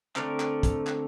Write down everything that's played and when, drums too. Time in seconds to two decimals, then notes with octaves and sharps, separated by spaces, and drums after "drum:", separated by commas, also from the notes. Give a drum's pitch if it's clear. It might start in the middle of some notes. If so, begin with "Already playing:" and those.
0.16 D3 A3 C4 A#4 D5, drum: clap
0.40 drum: clap
0.63 drum: kick, hi-hat
0.87 drum: clap